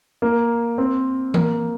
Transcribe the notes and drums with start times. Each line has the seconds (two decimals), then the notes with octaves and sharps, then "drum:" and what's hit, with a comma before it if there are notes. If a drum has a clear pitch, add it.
0.22 A#3
0.78 C4
1.34 A#3, drum: tom E3